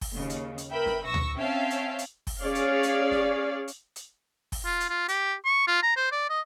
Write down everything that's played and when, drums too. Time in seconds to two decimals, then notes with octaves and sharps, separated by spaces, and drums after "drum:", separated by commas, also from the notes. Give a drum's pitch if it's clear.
0.01 drum: kick, open hi-hat
0.13 D#2 C#3
0.30 drum: hi-hat
0.58 drum: hi-hat
0.70 A#4 B4 E5 G5 B5
0.86 drum: snare
1.03 B1 C#6 E6 A#6
1.14 drum: tom D2
1.37 C4 C#4 E5 F5 G5 A5
1.70 drum: hi-hat
1.99 drum: hi-hat
2.27 drum: kick, open hi-hat
2.41 C#4 G#4 C#5 D5 F5
2.55 drum: hi-hat
2.83 drum: hi-hat
3.11 drum: snare
3.68 drum: hi-hat
3.96 drum: hi-hat
4.52 drum: kick, open hi-hat
4.65 F4
4.80 drum: hi-hat
4.89 F4
5.08 G4, drum: hi-hat
5.45 C#6
5.67 F4
5.83 A#5
5.96 C5
6.12 D5
6.30 D#5